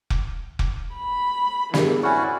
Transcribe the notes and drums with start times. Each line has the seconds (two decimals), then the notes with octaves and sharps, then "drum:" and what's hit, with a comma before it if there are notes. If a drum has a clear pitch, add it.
0.10 drum: kick F1
0.59 drum: kick F1
0.96 B5
1.74 G2 E3 B3 G#4 A#4, drum: snare
2.03 C4 C#4 E4 F#4 D5 G#5 C#6